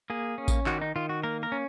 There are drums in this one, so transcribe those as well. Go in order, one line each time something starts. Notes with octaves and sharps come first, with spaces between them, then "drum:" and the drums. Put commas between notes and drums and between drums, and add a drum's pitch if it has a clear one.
A#3 G#4
C#4
drum: kick A1, tambourine
D#3 F#4, drum: clap
D#4
D#3 F4
F#4
A#3 A#4
A#4
C#4